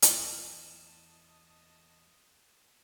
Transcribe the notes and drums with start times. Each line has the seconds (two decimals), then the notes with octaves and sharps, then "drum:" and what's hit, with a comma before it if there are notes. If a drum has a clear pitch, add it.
0.02 E2 E4 D#5 A5 D#7 E7, drum: hi-hat